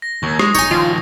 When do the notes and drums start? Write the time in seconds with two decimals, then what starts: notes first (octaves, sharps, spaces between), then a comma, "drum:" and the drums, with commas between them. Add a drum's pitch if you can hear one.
0.02 A#6
0.23 D#2 C#6
0.39 G#3 D#6, drum: rim click
0.55 D#4 C#5 G#5
0.71 D#3 F3 F4